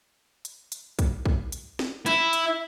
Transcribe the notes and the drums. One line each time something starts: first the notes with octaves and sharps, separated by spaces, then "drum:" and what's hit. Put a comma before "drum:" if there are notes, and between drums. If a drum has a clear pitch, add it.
drum: hi-hat
drum: hi-hat
drum: kick, hi-hat
drum: kick
drum: hi-hat
drum: snare
E4, drum: hi-hat
drum: hi-hat